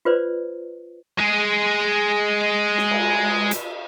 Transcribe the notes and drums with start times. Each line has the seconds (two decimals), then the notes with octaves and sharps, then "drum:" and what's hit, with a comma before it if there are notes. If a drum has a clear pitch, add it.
0.05 F4 B4 C5 D5
1.19 G#3 G#4
2.78 drum: snare
2.91 drum: cymbal
3.51 drum: hi-hat